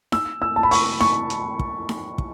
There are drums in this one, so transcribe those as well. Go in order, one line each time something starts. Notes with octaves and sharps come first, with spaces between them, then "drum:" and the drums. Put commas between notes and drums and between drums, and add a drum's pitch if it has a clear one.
E6, drum: snare D#4
E6
A5
B5
C#6, drum: open hi-hat
C#6, drum: snare D#4
drum: hi-hat
drum: kick
drum: snare D#4
drum: kick